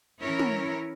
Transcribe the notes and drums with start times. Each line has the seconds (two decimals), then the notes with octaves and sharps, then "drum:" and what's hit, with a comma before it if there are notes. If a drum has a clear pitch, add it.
0.21 E3 C#4 E4 A#4 C#5
0.39 drum: tom